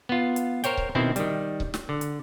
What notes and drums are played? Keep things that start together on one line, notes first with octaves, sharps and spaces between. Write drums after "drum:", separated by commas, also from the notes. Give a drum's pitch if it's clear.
B3 F4
drum: hi-hat
A#4 C5 C#5 G5, drum: hi-hat
drum: kick C#1
B2 D#3 C4 E4 C5
D#3 G3, drum: hi-hat
drum: kick C#1
drum: snare
D3
drum: hi-hat